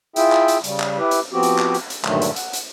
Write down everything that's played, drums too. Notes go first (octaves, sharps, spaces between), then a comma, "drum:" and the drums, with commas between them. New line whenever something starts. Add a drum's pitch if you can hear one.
E4 F4 G#4 E5 G5, drum: hi-hat
drum: clap
drum: hi-hat
C#3 G3, drum: hi-hat
drum: clap
E4 G4 B4
drum: hi-hat
F3 B3 C4 F#4 G4
drum: hi-hat
drum: clap
drum: hi-hat
drum: hi-hat
G2 A#2 D3 D#3 F#3 A3, drum: clap
drum: hi-hat
F#5, drum: hi-hat
drum: hi-hat